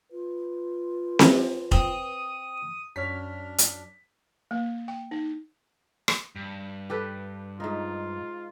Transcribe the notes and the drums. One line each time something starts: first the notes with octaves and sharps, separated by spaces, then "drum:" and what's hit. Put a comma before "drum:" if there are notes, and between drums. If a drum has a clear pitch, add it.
F4 B4
drum: snare C4
C4 D#6, drum: kick F1
F#2 D4 C#5 F6 B6
drum: hi-hat
A#3
G5
D#4
drum: rim click
G2
G4 A4 B4
G#2 D#4 F4